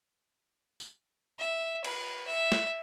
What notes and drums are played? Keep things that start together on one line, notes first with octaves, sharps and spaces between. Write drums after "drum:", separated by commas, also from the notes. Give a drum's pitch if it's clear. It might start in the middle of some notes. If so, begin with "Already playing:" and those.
drum: tambourine
E5
B4, drum: cymbal
E5
drum: snare